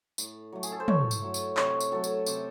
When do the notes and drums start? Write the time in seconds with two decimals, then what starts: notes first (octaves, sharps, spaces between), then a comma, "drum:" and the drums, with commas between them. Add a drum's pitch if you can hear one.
0.18 A2, drum: tambourine
0.52 F#3 A3
0.63 G#4, drum: tambourine
0.72 A4
0.80 C5
0.88 A2 C#5, drum: tom
1.11 drum: tambourine
1.22 F#3 A3
1.34 drum: tambourine
1.57 C3 C#5, drum: clap
1.81 drum: tambourine
1.92 F#3 A3 A4
2.04 drum: tambourine
2.27 C3, drum: tambourine